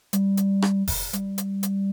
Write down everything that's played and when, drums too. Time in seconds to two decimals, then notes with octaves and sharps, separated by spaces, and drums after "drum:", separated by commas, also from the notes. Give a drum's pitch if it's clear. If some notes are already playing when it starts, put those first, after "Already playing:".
0.13 G3, drum: hi-hat
0.37 drum: hi-hat
0.62 drum: rim click
0.87 drum: kick F1, open hi-hat
1.13 G3, drum: hi-hat
1.38 drum: hi-hat
1.63 drum: hi-hat